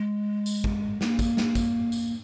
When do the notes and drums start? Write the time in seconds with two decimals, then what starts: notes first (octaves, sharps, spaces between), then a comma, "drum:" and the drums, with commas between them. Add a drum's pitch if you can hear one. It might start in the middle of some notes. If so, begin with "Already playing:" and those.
Already playing: G#3
0.46 drum: tambourine
0.64 drum: kick
1.01 A#3, drum: snare
1.19 drum: kick, tambourine
1.37 drum: snare
1.55 drum: kick, tambourine
1.92 drum: tambourine